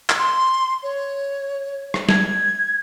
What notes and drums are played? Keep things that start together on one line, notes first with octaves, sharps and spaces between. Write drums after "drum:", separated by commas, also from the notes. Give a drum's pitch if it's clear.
drum: clap
C6
C#5
drum: rim click
G#6, drum: snare